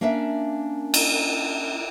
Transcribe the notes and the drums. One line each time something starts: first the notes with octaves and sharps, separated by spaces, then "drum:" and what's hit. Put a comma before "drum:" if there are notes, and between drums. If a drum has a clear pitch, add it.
A#3 C#4 D4 A#4 E5
drum: cymbal